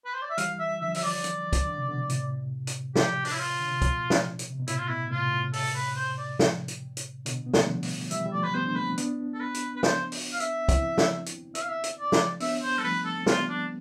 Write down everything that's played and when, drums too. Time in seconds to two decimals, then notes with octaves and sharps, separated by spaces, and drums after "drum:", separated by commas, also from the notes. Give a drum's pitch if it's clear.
0.05 B4
0.14 C5
0.22 D5
0.30 E5
0.38 E3 G3 F5, drum: hi-hat
0.59 E5
0.81 D3 F3 E5
0.94 E5, drum: open hi-hat
1.03 D5
1.24 drum: hi-hat
1.53 drum: kick, hi-hat
1.67 D3
1.78 C3
1.88 B2 D3
2.09 A2 C3, drum: hi-hat
2.67 drum: hi-hat
2.96 G4, drum: snare
3.25 D4, drum: open hi-hat
3.32 E4
3.38 F4
3.59 D3
3.71 C3
3.82 B2, drum: kick, hi-hat
4.10 drum: snare
4.39 drum: hi-hat
4.51 C3
4.59 B2
4.67 A2 E4, drum: hi-hat
4.77 F4
4.88 B2 E4
5.11 A2 C3 F4
5.31 A2 C3
5.53 A4, drum: open hi-hat
5.75 B4
5.96 C5
6.18 D5
6.39 drum: snare
6.68 drum: hi-hat
6.97 drum: hi-hat
7.26 B2 D3, drum: hi-hat
7.46 B3
7.54 A3, drum: snare
7.61 G3
7.68 D3 F3
7.83 drum: open hi-hat
8.11 E3 G3 E5, drum: hi-hat
8.26 G3
8.32 F3 A3 D5
8.44 B4
8.54 G3 B3 C5
8.65 D4 C5
8.76 A3 C4 B4
8.98 B3 D4, drum: hi-hat
9.34 A4
9.40 B4
9.54 drum: hi-hat
9.76 B4
9.83 C5, drum: snare
10.12 drum: open hi-hat
10.33 F5
10.40 E5, drum: hi-hat
10.69 C4 E4, drum: kick, hi-hat
10.98 drum: snare
11.26 drum: hi-hat
11.55 E5, drum: hi-hat
11.62 F5
11.69 E5
11.84 drum: hi-hat
11.98 D5
12.12 drum: snare
12.40 B3 D4 E5, drum: open hi-hat
12.63 C5
12.78 G3 A4
12.84 F3 A3 B4
13.05 A4
13.17 C4
13.26 G3 B3 F4, drum: snare
13.49 D4